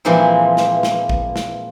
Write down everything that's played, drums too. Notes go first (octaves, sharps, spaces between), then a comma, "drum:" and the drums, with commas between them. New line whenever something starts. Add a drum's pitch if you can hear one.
A#2 E3 F3 G#3 A#3 C4
drum: snare
drum: snare
drum: kick
drum: snare